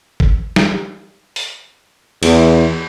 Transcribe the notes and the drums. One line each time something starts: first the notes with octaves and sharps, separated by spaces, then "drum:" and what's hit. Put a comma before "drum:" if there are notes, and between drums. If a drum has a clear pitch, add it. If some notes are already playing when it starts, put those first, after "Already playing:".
drum: kick
drum: snare
drum: open hi-hat
E2, drum: cymbal